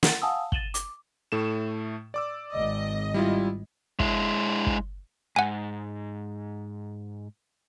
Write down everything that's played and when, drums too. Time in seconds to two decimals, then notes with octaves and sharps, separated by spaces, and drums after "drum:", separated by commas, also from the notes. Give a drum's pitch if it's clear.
0.03 F#5 A6, drum: snare
0.22 F5 F#5 G#5 A5 D#6 E6
0.52 A6 D#7 E7 F#7 G7, drum: kick
0.74 D6, drum: hi-hat
1.32 A2 A3 E7
2.14 D5 D6 E6
2.53 G#1 D#5
3.14 G3 E4 F4
4.00 G#3 E4, drum: kick
4.66 drum: kick
5.36 G#2 F#5 G#5